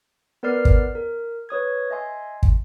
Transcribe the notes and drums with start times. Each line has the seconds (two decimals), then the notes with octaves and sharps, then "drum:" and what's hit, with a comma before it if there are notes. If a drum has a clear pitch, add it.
0.43 B3 A#4 B4 D5 F6 C7
0.65 drum: kick
0.95 A#4
1.49 B4 C#5 D#6 G#6
1.90 D#5 E5 G#5 C6
2.43 drum: kick